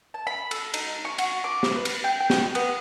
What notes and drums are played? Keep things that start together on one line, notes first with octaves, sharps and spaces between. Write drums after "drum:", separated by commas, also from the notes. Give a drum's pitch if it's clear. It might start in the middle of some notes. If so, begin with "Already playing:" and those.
A5
B5
A4, drum: cymbal
D#4, drum: cymbal
C#6
F#4, drum: cymbal
D6
drum: snare
B4
drum: cymbal
G5
G5
drum: snare
B3, drum: cymbal